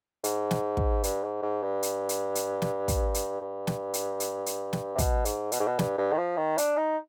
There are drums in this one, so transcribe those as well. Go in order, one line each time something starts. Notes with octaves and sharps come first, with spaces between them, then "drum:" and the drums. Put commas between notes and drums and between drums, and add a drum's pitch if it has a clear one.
G#2, drum: hi-hat
drum: snare
drum: kick
G2, drum: hi-hat
G#2
G#2
G2
drum: hi-hat
drum: hi-hat
drum: hi-hat
drum: snare
drum: kick, hi-hat
drum: hi-hat
G2
drum: snare
drum: hi-hat
drum: hi-hat
drum: hi-hat
drum: snare
C3
B2, drum: kick, hi-hat
G#2, drum: hi-hat
B2, drum: hi-hat
G#2
B2
G2, drum: snare
G2
D#3
F3
D#3
D4, drum: hi-hat
D#4